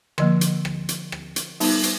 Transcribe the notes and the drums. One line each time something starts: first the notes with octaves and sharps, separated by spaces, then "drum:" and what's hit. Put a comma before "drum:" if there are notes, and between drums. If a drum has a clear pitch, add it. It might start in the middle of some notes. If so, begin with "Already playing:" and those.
D3 F3 A#3, drum: rim click
drum: hi-hat
drum: rim click
drum: hi-hat
drum: rim click
drum: hi-hat
G3 B3 D#4, drum: open hi-hat
drum: hi-hat